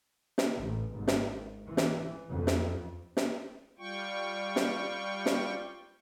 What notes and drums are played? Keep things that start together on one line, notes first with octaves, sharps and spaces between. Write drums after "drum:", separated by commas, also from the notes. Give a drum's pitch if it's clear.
drum: snare
A1
G#1
drum: snare
E3
drum: snare
F2
drum: snare
drum: snare
G3 F4 G5 C#6
drum: snare
drum: snare